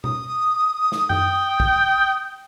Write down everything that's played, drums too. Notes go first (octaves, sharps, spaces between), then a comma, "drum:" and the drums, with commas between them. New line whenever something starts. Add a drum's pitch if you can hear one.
D#6, drum: tom B2
drum: snare
G5, drum: tom F#2
drum: kick